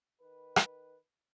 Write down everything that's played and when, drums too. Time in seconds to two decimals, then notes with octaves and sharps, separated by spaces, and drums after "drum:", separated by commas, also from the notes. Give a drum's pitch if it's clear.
0.20 D#3 B4
0.56 drum: rim click